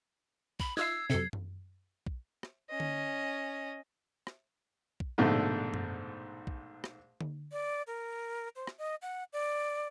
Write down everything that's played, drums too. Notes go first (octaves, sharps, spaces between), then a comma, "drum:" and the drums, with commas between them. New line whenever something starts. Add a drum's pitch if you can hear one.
B5, drum: kick A#1
D#4 F4 E5 E6 G#6 C7
F#2 C3 A4
drum: tom F#2
drum: kick A#1
drum: rim click
C#4 D#5
drum: tom D3
drum: rim click
drum: kick A#1
A#1 G#2 B2 D3 A3
drum: tom F#2
drum: kick A#1
drum: rim click
drum: tom D3
D5
A#4
C5
drum: rim click
D#5
F#5
D5